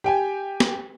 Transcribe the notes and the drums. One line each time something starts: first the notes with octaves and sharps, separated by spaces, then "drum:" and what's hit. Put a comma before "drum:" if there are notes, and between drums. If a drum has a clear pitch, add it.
G4 G5 G#5
drum: snare